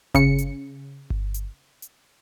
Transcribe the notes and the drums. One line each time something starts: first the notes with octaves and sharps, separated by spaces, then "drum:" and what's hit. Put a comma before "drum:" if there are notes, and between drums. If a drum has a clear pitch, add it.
C#3 C#7, drum: kick G1, hi-hat
drum: hi-hat
drum: kick G1
drum: hi-hat
drum: hi-hat